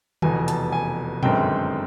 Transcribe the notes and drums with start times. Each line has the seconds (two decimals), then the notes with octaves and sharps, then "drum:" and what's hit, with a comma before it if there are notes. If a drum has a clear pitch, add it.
0.22 F1 E2 B2 G#5, drum: tom D3
0.48 A5, drum: hi-hat
0.72 G#5
1.23 G1 F#2 D#3 G#3 C4 G5, drum: tom A#2